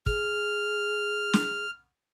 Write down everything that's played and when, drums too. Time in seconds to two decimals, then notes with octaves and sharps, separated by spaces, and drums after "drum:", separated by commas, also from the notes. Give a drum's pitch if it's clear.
0.06 G#4 F6, drum: kick
1.33 drum: snare